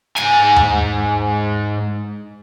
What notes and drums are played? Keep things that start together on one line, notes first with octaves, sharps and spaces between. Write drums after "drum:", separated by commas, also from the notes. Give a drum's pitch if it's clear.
G#2 G#5, drum: snare
drum: tom D#2